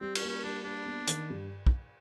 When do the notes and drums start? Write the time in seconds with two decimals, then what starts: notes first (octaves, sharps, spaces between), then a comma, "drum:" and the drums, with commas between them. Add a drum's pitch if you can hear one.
0.01 G3 C4
0.15 C#4, drum: cymbal
0.22 A#3
0.29 C#4
0.44 G3 D4
0.64 A#3 D4
0.86 B3
1.07 D#3, drum: hi-hat
1.30 G2
1.66 drum: kick